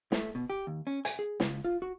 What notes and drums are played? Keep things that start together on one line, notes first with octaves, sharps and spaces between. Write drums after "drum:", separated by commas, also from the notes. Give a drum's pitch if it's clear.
A3, drum: snare
B2
G4
D#2
C#4
G#5, drum: hi-hat
G#4
C#2, drum: snare
F4
F#4